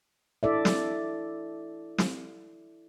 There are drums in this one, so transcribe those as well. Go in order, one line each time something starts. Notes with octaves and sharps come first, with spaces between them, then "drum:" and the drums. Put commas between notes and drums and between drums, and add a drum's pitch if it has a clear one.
E4 A4 D5 E5
drum: snare
drum: snare